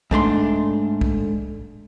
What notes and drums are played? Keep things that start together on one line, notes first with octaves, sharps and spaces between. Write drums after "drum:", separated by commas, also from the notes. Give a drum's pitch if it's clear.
G#2 A3 D4 C6, drum: kick
drum: kick